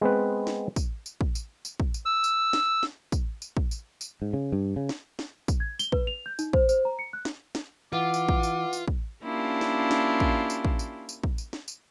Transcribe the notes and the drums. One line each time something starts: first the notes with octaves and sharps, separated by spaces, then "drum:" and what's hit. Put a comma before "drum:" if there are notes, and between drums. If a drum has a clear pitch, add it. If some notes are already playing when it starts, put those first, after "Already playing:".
G#3 B3 C4 B4
drum: snare
drum: kick, tambourine
drum: tambourine
drum: kick
drum: tambourine
drum: tambourine
drum: kick
drum: tambourine
E6
drum: tambourine
drum: snare
drum: snare
drum: kick, tambourine
drum: tambourine
drum: kick
drum: tambourine
drum: tambourine
G#2
C#3
G2
C#3
drum: snare
drum: snare
drum: kick, tambourine
G#6
G7, drum: tambourine
B4, drum: kick
F7
G6
D#4, drum: tambourine
C5, drum: kick
C5, drum: tambourine
A#5
C#7
F#6
drum: snare
drum: snare
E3 F4 F#5 D6
drum: tambourine
drum: kick
drum: tambourine
drum: tambourine
drum: kick
A#3 C#4 D4 E4 F4 G4
drum: snare
drum: snare
drum: kick
drum: tambourine
drum: kick
drum: tambourine
drum: tambourine
drum: kick
drum: tambourine
drum: snare
drum: tambourine